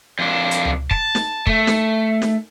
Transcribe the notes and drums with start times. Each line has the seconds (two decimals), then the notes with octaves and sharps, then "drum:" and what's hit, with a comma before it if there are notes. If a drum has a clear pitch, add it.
0.19 F2 D4
0.51 drum: hi-hat
0.65 drum: tom C#2
0.91 A5, drum: kick
1.15 drum: snare
1.47 A3, drum: kick
1.67 drum: snare
2.22 drum: snare